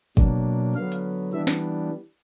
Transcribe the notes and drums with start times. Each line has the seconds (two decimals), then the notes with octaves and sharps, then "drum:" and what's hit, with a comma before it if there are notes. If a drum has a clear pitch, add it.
0.17 B2 F#3 A#3 D4, drum: kick
0.75 D3 F#3 B3 F5
0.92 drum: hi-hat
1.33 E3 G3 B3 D4 E5
1.47 drum: snare